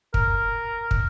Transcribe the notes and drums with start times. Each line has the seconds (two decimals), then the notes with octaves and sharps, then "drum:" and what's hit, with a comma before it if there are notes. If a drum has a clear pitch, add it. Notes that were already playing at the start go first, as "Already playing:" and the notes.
0.14 A#4, drum: kick
0.91 drum: kick